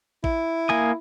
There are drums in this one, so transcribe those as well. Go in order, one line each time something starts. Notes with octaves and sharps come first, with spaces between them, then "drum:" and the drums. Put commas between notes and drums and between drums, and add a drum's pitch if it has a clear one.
E4, drum: kick A1
A#3 G#5 D#6